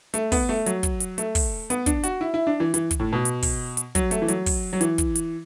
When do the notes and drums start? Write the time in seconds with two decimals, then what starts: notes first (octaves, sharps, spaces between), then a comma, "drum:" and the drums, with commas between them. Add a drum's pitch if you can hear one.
0.14 A3, drum: hi-hat
0.32 B3, drum: kick, open hi-hat
0.49 A3
0.66 F#3, drum: hi-hat
0.83 drum: kick, hi-hat
1.00 drum: hi-hat
1.18 A3, drum: hi-hat
1.35 drum: kick, open hi-hat
1.70 B3, drum: hi-hat
1.86 D4, drum: kick, hi-hat
2.03 F#4, drum: hi-hat
2.21 E4
2.34 E4
2.47 D4
2.60 E3
2.74 E3, drum: hi-hat
2.91 drum: kick, hi-hat
3.00 A2
3.13 B2
3.25 drum: hi-hat
3.42 drum: kick, open hi-hat
3.77 drum: hi-hat
3.95 F#3, drum: kick, hi-hat
4.11 A3, drum: hi-hat
4.22 E3
4.28 F#3, drum: hi-hat
4.46 drum: kick, open hi-hat
4.73 F#3
4.81 E3, drum: hi-hat
4.98 drum: kick, hi-hat
5.15 drum: hi-hat